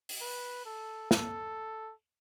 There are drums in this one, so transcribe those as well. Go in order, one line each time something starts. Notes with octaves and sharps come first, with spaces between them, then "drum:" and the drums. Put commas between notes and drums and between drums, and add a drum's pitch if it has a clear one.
drum: open hi-hat
B4
A4
A4, drum: snare